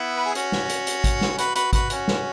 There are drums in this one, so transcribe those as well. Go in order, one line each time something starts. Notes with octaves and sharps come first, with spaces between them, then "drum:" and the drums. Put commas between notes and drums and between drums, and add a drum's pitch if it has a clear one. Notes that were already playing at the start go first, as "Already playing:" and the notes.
Already playing: B3 E4
B4
G#4
C#4 F#4, drum: hi-hat
drum: snare
drum: hi-hat
drum: hi-hat
drum: kick G#1, hi-hat
drum: snare
F#4 B4, drum: hi-hat
F#4 B4, drum: hi-hat
F#4 B4, drum: kick G#1, hi-hat
C#4 F#4, drum: hi-hat
drum: snare